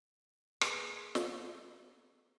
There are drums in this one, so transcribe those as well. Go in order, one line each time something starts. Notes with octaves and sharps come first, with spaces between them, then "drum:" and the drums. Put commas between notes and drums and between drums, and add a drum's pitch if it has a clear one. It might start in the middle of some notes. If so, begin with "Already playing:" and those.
A#3 G#4 B4 A#5, drum: rim click
drum: snare